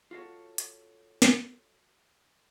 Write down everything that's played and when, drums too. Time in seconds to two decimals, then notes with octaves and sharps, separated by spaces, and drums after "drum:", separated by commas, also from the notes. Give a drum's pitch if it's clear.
0.11 F4 F#4 A4 C#5
0.58 drum: hi-hat
1.22 drum: snare